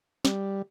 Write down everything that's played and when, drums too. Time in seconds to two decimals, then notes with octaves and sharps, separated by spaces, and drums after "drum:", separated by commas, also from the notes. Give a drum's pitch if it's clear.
0.25 G3, drum: snare